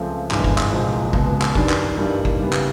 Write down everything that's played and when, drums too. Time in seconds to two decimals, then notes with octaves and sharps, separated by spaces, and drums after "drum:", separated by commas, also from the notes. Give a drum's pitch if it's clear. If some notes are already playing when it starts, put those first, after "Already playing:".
Already playing: C#2 C#3 F3 A3 C4
0.31 G#1 G2 E3 G#3 B3, drum: clap
0.44 drum: kick
0.58 drum: clap
0.72 C2 A#2 F3 G#3 C4
1.13 C#2 B2 G#3, drum: kick
1.42 drum: clap
1.55 F#2 D#3 G3 B3 D4, drum: kick
1.69 drum: clap
1.97 G2 E3 G3 A#3 D#4
2.25 drum: kick
2.39 C#3 E3 G3 B3
2.53 drum: clap